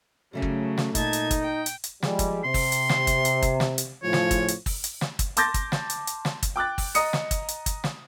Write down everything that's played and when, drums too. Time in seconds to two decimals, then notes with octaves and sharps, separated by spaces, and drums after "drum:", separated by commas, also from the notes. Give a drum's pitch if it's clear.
0.33 C#3 F#3 G3 A3 C#4
0.42 drum: kick
0.78 drum: snare
0.95 A#2 D#4 A5 G#6, drum: kick, hi-hat
1.13 drum: hi-hat
1.31 drum: kick, hi-hat
1.41 G5
1.66 drum: hi-hat
1.84 drum: hi-hat
2.03 F3 G3 G#3, drum: snare
2.19 drum: kick, hi-hat
2.44 C3 C6
2.54 drum: kick, open hi-hat
2.72 drum: hi-hat
2.89 drum: snare
3.07 drum: kick, hi-hat
3.25 drum: hi-hat
3.42 drum: kick, hi-hat
3.60 drum: snare
3.78 drum: hi-hat
4.03 A2 C#3 F3 C#5
4.13 drum: snare
4.31 drum: kick, hi-hat
4.48 drum: hi-hat
4.66 drum: kick, open hi-hat
4.84 drum: hi-hat
5.01 drum: snare
5.19 drum: kick, hi-hat
5.37 A5 C6 D6 G6 A6 A#6, drum: hi-hat
5.54 drum: kick, hi-hat
5.72 drum: snare
5.90 drum: hi-hat
6.07 drum: hi-hat
6.25 drum: snare
6.43 drum: kick, hi-hat
6.56 G5 D6 F#6 A6
6.78 drum: kick, open hi-hat
6.95 D#5 A#5 D#6 C#7, drum: hi-hat
7.13 drum: snare
7.31 drum: kick, hi-hat
7.48 drum: hi-hat
7.66 drum: kick, hi-hat
7.84 drum: snare